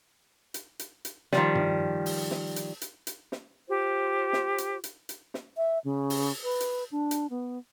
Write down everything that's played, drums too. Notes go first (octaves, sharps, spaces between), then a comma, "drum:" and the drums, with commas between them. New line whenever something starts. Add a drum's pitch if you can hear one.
drum: hi-hat
drum: hi-hat
drum: hi-hat
D#3 F3 G3, drum: snare
drum: tom G2
drum: open hi-hat
drum: snare
drum: hi-hat
drum: hi-hat
drum: hi-hat
drum: snare
F4 G4 C5
drum: snare
drum: hi-hat
drum: hi-hat
drum: hi-hat
drum: snare
E5
C#3
drum: open hi-hat
B4
drum: hi-hat
D4
drum: hi-hat
B3